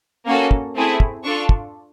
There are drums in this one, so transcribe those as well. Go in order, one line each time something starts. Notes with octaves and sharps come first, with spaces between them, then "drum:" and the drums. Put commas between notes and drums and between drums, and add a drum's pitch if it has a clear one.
A#3 C#4 F#4 A4
drum: kick
A3 C4 E4 G#4
drum: kick
D4 F4 A4 C#6
drum: kick